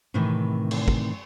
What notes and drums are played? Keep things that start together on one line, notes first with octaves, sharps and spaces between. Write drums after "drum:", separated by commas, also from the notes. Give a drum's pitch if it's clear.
A2 C3 D#3 E3
drum: cymbal
drum: kick